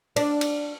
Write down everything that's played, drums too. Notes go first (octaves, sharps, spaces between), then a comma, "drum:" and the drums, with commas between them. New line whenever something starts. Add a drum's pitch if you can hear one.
D4, drum: cymbal
drum: cymbal